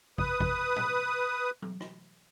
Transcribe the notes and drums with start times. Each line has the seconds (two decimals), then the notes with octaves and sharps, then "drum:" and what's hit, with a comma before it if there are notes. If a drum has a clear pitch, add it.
0.18 B4 D#6, drum: kick
0.40 drum: kick
0.76 drum: tom
1.62 drum: tom F#3
1.80 drum: rim click